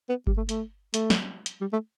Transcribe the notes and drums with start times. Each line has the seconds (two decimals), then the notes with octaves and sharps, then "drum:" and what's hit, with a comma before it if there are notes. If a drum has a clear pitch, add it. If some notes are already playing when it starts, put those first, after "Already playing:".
0.09 B3
0.27 G3, drum: kick G1
0.37 A3
0.49 A3, drum: hi-hat
0.94 A3, drum: hi-hat
1.10 drum: snare
1.46 drum: hi-hat
1.61 G3
1.72 A3